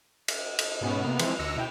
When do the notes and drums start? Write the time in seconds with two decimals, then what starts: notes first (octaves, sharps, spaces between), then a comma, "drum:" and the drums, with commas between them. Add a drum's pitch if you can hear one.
0.28 drum: cymbal
0.59 drum: cymbal
0.81 G#2 B2 B3 C#4
1.04 C3 A#3 B3
1.19 E3 F3 G#3 C4 E4, drum: cymbal
1.39 D2 E6 A#6 C#7
1.56 B2 E4 G5